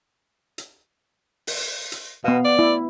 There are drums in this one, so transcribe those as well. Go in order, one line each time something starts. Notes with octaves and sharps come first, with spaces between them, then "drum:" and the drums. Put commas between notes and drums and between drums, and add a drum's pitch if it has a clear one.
drum: hi-hat
drum: open hi-hat
drum: hi-hat
B2 B3 F5
D5
E4